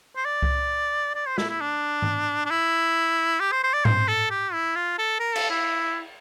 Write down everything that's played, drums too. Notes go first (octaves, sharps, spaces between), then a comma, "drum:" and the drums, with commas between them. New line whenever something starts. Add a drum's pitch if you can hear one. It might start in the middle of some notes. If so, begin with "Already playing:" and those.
C5
D5
drum: kick C2
D5
C5
E4, drum: snare
E4
D4
drum: tom G#2
D4
E4
G4
C5
C5
D5
C5, drum: tom G#2
A4
G4
E4
F4
A4
A#4
A4, drum: cymbal
E4